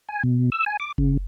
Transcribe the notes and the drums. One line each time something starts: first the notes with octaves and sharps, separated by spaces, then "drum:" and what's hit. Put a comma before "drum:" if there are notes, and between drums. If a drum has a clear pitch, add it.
G#5
B2
E6
G#5
D6
C#3, drum: kick F#1